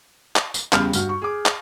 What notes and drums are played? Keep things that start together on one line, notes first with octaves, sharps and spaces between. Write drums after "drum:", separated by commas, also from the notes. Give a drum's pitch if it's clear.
drum: clap
drum: tambourine
E2 C#3 G3 F6 G6, drum: clap
G2 F#4 F6, drum: tambourine
C#6
G#4 D6
drum: clap